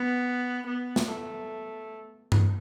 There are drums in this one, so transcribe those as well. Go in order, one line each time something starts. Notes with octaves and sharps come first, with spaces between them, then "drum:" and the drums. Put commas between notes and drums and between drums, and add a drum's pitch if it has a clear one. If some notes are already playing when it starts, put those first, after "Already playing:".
Already playing: B3
B3
drum: snare
A3
drum: tom G2